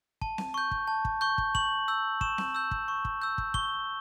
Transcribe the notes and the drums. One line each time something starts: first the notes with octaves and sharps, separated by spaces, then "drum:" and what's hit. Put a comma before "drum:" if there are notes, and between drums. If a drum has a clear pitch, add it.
A5, drum: kick
drum: snare C4
C#6 G6
drum: kick
A5
drum: kick
C#6 G6
drum: kick
C#6 F#7, drum: kick
E6 G6
C#6 E7, drum: kick
drum: snare C4
E6 G6
drum: kick
C#6
drum: kick
E6 G6
drum: kick
C#6 G7, drum: kick